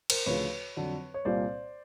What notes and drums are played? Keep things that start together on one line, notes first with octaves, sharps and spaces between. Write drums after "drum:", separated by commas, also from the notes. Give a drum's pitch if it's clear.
A#4 C5, drum: cymbal
D2 C#3 F3 B4 C#5
F2 D3 F#3
C#5
C2 A#2 G3 A#3 C5 D5